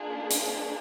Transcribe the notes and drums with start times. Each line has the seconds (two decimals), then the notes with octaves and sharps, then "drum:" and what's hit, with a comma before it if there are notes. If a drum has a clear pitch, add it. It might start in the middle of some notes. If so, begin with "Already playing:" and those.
Already playing: A#3 D4 F4 G#4
0.30 drum: hi-hat